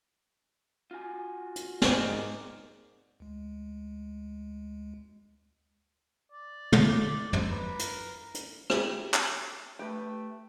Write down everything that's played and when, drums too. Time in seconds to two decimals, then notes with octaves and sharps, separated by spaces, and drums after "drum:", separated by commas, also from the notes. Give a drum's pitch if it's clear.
0.91 F4 F#4 G#5
1.56 drum: hi-hat
1.82 G#2 A#4 D5, drum: snare
3.20 D2 G#3
6.32 D5
6.72 drum: tom
7.33 E4 C5, drum: tom
7.50 B4 A#5 B5
7.79 A#4, drum: hi-hat
8.34 drum: hi-hat
8.70 G4 G#4, drum: rim click
9.14 drum: clap
9.79 A3 G4 B4